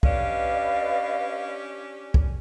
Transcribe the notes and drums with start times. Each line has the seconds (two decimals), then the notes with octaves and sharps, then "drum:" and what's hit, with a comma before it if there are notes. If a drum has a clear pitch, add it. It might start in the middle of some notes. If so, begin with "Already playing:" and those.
0.03 C#4 D4 G4 B4 D5 D#5 F5, drum: kick
2.14 drum: kick